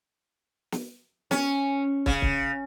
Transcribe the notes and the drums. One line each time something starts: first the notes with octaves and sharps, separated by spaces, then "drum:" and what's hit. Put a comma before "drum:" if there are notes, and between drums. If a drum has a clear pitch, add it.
drum: snare
C#4, drum: snare
C#3, drum: kick
drum: kick